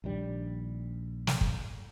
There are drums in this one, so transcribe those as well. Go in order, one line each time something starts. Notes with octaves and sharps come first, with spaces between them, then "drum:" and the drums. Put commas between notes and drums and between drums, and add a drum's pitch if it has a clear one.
A#1 D#2 G3 D4
drum: snare
drum: kick